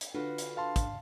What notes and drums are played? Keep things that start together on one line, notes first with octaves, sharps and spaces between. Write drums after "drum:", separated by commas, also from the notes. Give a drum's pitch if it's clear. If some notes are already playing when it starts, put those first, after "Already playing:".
drum: hi-hat
D3 F4 F#4 B4
drum: hi-hat
F5 A5 C6
drum: kick, hi-hat